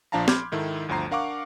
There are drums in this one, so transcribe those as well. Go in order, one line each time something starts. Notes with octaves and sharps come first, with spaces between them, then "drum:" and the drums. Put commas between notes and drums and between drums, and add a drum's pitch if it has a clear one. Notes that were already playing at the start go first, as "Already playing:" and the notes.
A#1 F3 D4 F5 A5 A#5
B5 C6 D6 F6 G6 G#6, drum: snare
G#2 D#3 E4 A4
G1 D2 F3 C5 A#5 C7
D4 A#4 F5 F#5 C#6 D6